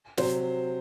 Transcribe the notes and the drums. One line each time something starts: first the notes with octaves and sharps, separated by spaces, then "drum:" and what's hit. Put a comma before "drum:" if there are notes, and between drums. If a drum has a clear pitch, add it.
C3 F#3 C5, drum: snare